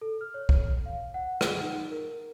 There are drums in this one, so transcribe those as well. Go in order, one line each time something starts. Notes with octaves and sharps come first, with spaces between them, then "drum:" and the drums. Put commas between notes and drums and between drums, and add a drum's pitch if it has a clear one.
A4
F6
C#5
drum: kick
F5
F#5
G#4, drum: rim click
D#4
A#4